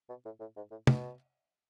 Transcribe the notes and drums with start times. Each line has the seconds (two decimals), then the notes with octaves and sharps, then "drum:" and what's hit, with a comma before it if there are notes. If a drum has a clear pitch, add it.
0.09 B2
0.25 A2
0.40 A2
0.56 G#2
0.71 A2
0.87 B2, drum: tom